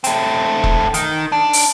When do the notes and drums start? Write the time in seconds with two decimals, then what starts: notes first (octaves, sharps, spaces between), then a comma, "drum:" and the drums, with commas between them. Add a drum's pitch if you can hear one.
0.04 A3 C4, drum: hi-hat
0.64 drum: kick E1
0.94 D#3, drum: hi-hat
1.32 D4
1.53 drum: open hi-hat